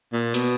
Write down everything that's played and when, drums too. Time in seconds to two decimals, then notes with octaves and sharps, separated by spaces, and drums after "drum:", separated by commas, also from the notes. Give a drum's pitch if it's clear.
0.13 A#2
0.34 B2, drum: hi-hat